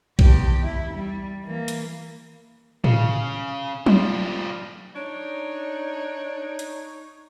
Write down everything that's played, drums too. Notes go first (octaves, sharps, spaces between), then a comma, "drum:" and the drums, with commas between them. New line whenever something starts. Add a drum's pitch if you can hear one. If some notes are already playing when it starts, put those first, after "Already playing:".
E2 G4, drum: kick B1
E4
G3
E3 A#3
drum: hi-hat
C#3, drum: tom A2
F3 G3, drum: tom F#3
D4 D#4 C#5
drum: hi-hat